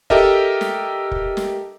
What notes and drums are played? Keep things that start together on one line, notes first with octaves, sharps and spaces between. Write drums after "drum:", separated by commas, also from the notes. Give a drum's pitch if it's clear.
G4 A4 A#4 D#5 E5, drum: kick
drum: snare
drum: kick
drum: snare